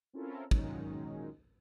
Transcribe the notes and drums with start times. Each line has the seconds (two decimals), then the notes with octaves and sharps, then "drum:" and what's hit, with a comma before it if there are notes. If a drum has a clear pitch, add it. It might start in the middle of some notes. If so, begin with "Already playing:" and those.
0.13 C4 C#4 E4 F4 A4 A#4
0.51 A#2 D#3 F#3 G#3 C#4 D#4, drum: kick